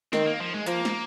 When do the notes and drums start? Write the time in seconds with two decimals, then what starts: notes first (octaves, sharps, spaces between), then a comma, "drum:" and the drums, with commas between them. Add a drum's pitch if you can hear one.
0.13 D#3 C4, drum: snare
0.26 A#3
0.40 F3
0.54 G#3
0.66 F3 A#3, drum: hi-hat
0.85 drum: snare